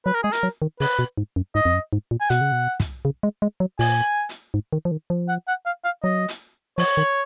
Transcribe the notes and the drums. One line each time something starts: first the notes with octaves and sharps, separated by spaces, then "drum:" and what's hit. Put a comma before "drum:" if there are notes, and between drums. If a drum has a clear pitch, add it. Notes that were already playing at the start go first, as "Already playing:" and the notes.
F#3 B4
A#4
G#3 G#4
A#4, drum: hi-hat
F#3
D#3
C#3 B4, drum: open hi-hat
B2
G#2
F#2
G#2 D#5
F2
F#2
G#2
A#2
G#5
B2 F#5, drum: hi-hat
C#3
B2
drum: kick, hi-hat
C#3
G#3
G#3
F#3
A#2 G#5, drum: open hi-hat
drum: hi-hat
G#2
D#3
F3
D#3
F3
F#5
F#5
F5
F5
F#3 D#5
drum: hi-hat
F3 C#5, drum: open hi-hat
D#3